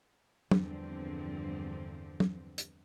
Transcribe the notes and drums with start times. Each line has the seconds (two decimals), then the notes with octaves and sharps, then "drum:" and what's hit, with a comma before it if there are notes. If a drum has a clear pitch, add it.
0.51 E2 G2 D3 F3 C4, drum: tom
2.20 drum: tom
2.58 drum: hi-hat